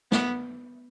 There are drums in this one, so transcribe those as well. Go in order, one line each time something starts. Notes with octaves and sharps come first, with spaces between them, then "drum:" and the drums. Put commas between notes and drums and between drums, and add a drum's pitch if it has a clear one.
B3, drum: snare